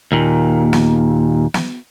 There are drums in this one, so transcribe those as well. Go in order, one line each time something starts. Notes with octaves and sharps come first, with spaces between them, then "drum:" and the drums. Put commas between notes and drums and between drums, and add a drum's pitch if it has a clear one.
D#2 A#2
drum: snare
drum: snare